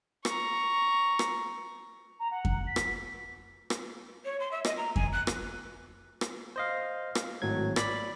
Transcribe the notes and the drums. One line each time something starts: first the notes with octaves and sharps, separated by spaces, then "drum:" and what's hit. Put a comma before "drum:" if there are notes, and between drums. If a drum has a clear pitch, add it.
A#5 C#6, drum: rim click
drum: rim click
A#5
F#5
drum: kick F2
B6
drum: rim click
drum: rim click
C#5
C6
E5
D#5, drum: rim click
A#5
G#5, drum: kick F2
F#6
drum: rim click
drum: rim click
C5 D#5 F5
drum: rim click
G#1 A2 F#3 G#6
D5 B5 B6, drum: rim click